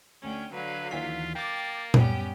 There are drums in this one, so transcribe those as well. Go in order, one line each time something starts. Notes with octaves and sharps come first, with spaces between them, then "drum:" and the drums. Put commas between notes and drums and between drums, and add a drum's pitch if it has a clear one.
D2 C#4 G5
D3 F#3 B4 F5
D#2 E3 F4 B6
A#3 G5 D6 A6
F#2 G3 B3 C#4 G4, drum: tom A#2